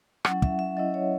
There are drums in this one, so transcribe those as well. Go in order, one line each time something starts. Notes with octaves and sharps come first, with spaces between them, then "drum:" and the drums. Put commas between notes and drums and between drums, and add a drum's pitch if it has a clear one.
F#3 C#4 E4 F#5, drum: rim click
E5, drum: kick
E5
F#3 C#4 E4 D#5
C#5